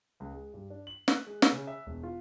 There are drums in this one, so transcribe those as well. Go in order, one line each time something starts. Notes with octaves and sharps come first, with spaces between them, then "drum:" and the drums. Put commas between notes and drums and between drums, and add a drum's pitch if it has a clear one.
C#2
G#3
G2
D4
F#7
F#6, drum: snare
G#3
drum: snare
C#3
E5
E1
F4